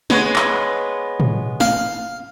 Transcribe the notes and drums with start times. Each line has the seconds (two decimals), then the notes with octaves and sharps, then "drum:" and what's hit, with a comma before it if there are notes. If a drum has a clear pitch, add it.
0.10 G#3 B3 C#5, drum: snare
0.36 drum: clap
1.20 drum: tom A2
1.60 F5, drum: snare